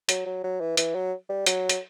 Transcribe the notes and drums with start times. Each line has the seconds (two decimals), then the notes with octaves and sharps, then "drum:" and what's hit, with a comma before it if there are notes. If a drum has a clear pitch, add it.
0.09 F#3, drum: hi-hat
0.26 F#3
0.43 F#3
0.60 E3
0.77 E3, drum: hi-hat
0.95 F#3
1.29 G3
1.46 F#3, drum: hi-hat
1.69 drum: hi-hat